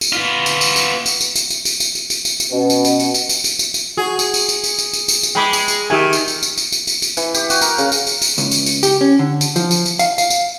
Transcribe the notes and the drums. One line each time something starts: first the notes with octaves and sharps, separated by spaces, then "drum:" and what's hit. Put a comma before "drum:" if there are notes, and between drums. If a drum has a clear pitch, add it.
drum: tambourine
B3 F4
drum: tambourine
drum: tambourine
drum: tambourine
drum: tambourine
drum: tambourine
drum: tambourine
drum: tambourine
drum: tambourine
drum: tambourine
drum: tambourine
drum: tambourine
drum: tambourine
drum: tambourine
B2 C#4
drum: tambourine
drum: tambourine
drum: tambourine
drum: tambourine
drum: tambourine
drum: tambourine
drum: tambourine
drum: tambourine
F#4 G#4
drum: tambourine
drum: tambourine
drum: tambourine
drum: tambourine
drum: tambourine
drum: tambourine
drum: tambourine
drum: tambourine
G#3 G5 B5 D6
drum: tambourine
drum: tambourine
D#3 G4 E5 G#5
drum: tambourine
drum: tambourine
drum: tambourine
drum: tambourine
drum: tambourine
drum: tambourine
drum: tambourine
E3, drum: tambourine
G4, drum: tambourine
F#4, drum: tambourine
A#4, drum: tambourine
C#3, drum: tambourine
drum: tambourine
drum: tambourine
drum: tambourine
C#2, drum: tambourine
drum: tambourine
drum: tambourine
G4, drum: tambourine
C#4
D3
drum: tambourine
F3, drum: tambourine
drum: tambourine
drum: tambourine
F5, drum: tambourine
F5, drum: tambourine
drum: tambourine